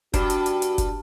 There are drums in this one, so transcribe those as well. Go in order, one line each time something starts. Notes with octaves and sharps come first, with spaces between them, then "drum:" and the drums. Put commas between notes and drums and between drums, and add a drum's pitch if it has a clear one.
G2 D4 F#4, drum: kick F1, hi-hat
drum: hi-hat
drum: hi-hat
drum: hi-hat
drum: kick F1, hi-hat